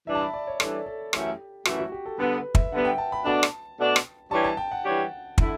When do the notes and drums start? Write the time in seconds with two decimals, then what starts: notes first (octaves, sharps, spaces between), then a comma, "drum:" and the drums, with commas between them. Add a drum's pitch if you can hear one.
0.06 E3 G3 D4 E5
0.15 A5
0.21 B5
0.33 D5
0.47 C#5
0.60 E3 G3 D4 A4, drum: rim click
0.86 A4
1.13 F#2 E3 A3 C#4 E4 G4, drum: rim click
1.65 F#2 E3 A3 C#4 E4 F#4, drum: rim click
1.79 F#4
1.92 G4
2.06 A4
2.18 D3 G3 B3 B4
2.37 B4
2.55 E5, drum: kick
2.72 D3 G3 B3 F#5
2.85 G5
2.98 A5
3.12 B5
3.25 B2 A3 D4 A5
3.43 drum: rim click
3.78 B2 A3 D4
3.96 drum: rim click
4.31 E3 G3 D4 G4 C#5 A5
4.44 A5
4.57 G5
4.71 F#5
4.84 E3 G3 D4 G4 C#5
5.38 D3 A3 E4, drum: kick